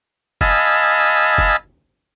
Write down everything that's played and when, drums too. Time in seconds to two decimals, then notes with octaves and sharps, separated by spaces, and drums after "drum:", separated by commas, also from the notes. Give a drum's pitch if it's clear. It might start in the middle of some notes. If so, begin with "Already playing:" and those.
0.41 D#5 F5 G#5 A5 B5 E6, drum: kick F#1
1.38 drum: kick F#1